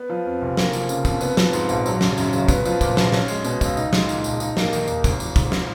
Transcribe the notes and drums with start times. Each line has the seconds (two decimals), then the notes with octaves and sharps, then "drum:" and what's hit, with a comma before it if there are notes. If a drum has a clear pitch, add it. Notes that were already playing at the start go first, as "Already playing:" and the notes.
Already playing: B3
0.09 F3
0.26 F2
0.42 F1
0.57 A#3, drum: snare
0.73 F3, drum: tambourine
0.89 C#3, drum: tambourine
1.05 F2, drum: kick, tambourine
1.21 B3, drum: tambourine
1.37 F3, drum: snare
1.53 G#2, drum: tambourine
1.69 A#1, drum: tambourine
1.86 F#3, drum: tambourine
2.01 C#3, drum: snare
2.18 F#2, drum: tambourine
2.33 F#1, drum: tambourine
2.48 B3, drum: kick, tambourine
2.65 F3, drum: tambourine
2.81 A#2, drum: kick, tambourine
2.97 A#1, drum: snare
3.12 C#4, drum: snare
3.28 G#3, drum: tambourine
3.44 B2, drum: tambourine
3.61 C#2, drum: kick, tambourine
3.77 D#4, drum: tambourine
3.93 G#3, drum: snare
4.09 A#2, drum: tambourine
4.24 A#1, drum: tambourine
4.40 D#4, drum: tambourine
4.57 A#3, drum: snare
4.73 D#3, drum: tambourine
4.88 D#2, drum: tambourine
5.04 G#1, drum: kick, tambourine
5.20 F3, drum: tambourine
5.36 G#2, drum: kick, tambourine
5.52 drum: snare